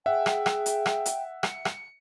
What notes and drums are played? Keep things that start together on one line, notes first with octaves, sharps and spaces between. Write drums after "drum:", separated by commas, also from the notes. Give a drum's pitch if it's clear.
G#4 E5 F#5 G5
drum: rim click
drum: rim click
drum: hi-hat
drum: rim click
drum: hi-hat
C#7, drum: rim click
drum: rim click